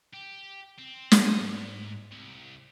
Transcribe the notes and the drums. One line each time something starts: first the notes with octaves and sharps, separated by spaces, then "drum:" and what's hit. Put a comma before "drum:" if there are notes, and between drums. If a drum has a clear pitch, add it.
G4
C4
drum: snare
D#5
G#2
C2